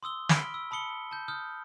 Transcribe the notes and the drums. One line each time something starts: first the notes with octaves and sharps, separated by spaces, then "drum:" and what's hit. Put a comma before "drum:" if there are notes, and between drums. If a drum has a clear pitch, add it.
C6 D#6 E6 G7
B5 F6 B6 D7 G7, drum: snare
E6
A5 B5 D#6 C#7 G7
A5 G6
D#6 F6 G6